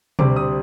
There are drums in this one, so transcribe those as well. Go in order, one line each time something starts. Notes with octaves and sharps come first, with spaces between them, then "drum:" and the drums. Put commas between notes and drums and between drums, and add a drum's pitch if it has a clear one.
D2 C3 G3 C4 D6, drum: tom B2
D#6